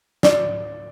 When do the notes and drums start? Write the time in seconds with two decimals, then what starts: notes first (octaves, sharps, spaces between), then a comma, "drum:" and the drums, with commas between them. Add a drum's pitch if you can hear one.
0.23 D5, drum: snare